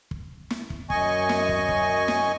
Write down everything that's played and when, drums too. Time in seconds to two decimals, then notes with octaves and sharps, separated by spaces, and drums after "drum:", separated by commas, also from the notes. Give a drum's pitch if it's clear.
0.11 drum: kick
0.50 drum: snare
0.70 drum: kick
0.90 F#2 D#5 G#5 C#6, drum: kick
1.29 drum: snare
1.49 drum: kick
1.69 drum: kick
2.08 drum: snare